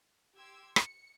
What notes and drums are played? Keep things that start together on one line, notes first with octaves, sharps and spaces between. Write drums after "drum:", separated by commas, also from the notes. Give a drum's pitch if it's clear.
G4 C6 E6 G#6
C#7, drum: rim click